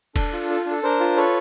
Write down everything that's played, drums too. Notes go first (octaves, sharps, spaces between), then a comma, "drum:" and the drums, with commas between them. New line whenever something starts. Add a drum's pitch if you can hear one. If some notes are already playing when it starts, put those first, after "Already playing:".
D4 A4, drum: kick E1, cymbal
F4
A4
D4
A4
D4 A#4 C5
F4
A4 B4 C#5